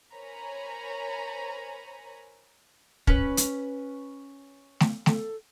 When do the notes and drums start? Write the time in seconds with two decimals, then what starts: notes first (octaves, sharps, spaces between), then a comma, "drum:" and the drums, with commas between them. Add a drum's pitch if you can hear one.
0.13 A#4 C5 C#5 G#5 A#5 B5
3.07 C#4 B4, drum: kick
3.37 drum: hi-hat
4.80 drum: snare A3
5.06 A4, drum: snare A3